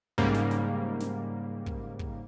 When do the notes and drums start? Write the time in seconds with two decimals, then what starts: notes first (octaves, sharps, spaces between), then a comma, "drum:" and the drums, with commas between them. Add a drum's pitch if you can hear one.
0.18 G#2 C#3 G3 A#3, drum: kick
0.34 drum: snare
0.51 drum: snare
1.00 drum: snare
1.66 drum: kick
1.99 drum: kick